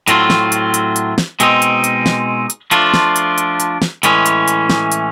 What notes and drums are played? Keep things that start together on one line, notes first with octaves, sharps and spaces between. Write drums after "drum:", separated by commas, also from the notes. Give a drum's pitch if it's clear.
A2 F#3 A3 C4 F4, drum: hi-hat
drum: snare
drum: hi-hat
drum: hi-hat
drum: hi-hat
drum: snare
B2 G#3 C4 D#4, drum: hi-hat
drum: hi-hat
drum: hi-hat
drum: snare
drum: hi-hat
F3 A3 D4 F4, drum: hi-hat
drum: snare
drum: hi-hat
drum: hi-hat
drum: hi-hat
drum: snare
A2 E3 G#3 C#4, drum: hi-hat
drum: hi-hat
drum: hi-hat
drum: snare
drum: hi-hat